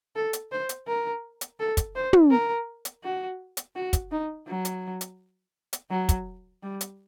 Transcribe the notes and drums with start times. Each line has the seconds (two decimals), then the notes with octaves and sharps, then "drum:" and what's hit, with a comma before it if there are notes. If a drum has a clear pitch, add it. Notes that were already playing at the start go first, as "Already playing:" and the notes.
0.16 A4
0.33 drum: hi-hat
0.52 C5
0.69 drum: hi-hat
0.87 A#4
1.41 drum: hi-hat
1.60 A4
1.77 drum: kick, hi-hat
1.95 C5
2.13 drum: tom
2.30 A#4
2.85 drum: hi-hat
3.04 F#4
3.57 drum: hi-hat
3.75 F#4
3.93 drum: kick, hi-hat
4.11 D#4
4.47 F#3
4.65 drum: hi-hat
5.01 drum: hi-hat
5.73 drum: hi-hat
5.90 F#3
6.09 drum: kick, hi-hat
6.63 G3
6.81 drum: hi-hat